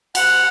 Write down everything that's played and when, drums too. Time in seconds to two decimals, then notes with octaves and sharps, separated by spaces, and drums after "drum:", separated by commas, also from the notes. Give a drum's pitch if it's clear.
0.15 F#5, drum: cymbal